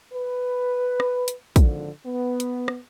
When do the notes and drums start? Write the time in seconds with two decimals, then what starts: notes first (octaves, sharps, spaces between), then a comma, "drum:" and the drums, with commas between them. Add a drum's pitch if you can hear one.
0.13 B4
1.00 drum: rim click
1.28 drum: hi-hat
1.56 G#1 D3 F3, drum: kick, hi-hat
2.06 B3
2.40 drum: hi-hat
2.68 drum: rim click